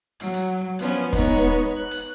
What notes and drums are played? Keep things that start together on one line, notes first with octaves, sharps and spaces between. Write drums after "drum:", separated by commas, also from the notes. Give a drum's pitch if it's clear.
F#3, drum: hi-hat
drum: hi-hat
F3 B3 C#4, drum: hi-hat
G#3 B3 D#4 C#5, drum: kick, hi-hat
F#6
drum: hi-hat